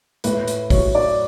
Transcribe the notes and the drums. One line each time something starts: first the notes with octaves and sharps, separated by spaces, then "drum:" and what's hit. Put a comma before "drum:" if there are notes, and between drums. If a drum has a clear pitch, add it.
A2 B4, drum: hi-hat
drum: hi-hat
F#3 C#5, drum: kick, open hi-hat
D5